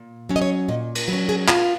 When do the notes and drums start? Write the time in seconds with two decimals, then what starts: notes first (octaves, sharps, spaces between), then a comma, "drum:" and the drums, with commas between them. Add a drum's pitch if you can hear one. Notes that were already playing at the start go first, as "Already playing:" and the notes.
Already playing: A#2
0.29 F#3 C#4
0.36 D#5
0.42 C#5
0.68 A#2 D#5
0.95 drum: cymbal
1.08 F#3 B4
1.13 C#4
1.29 G#4
1.48 A#2 F4, drum: clap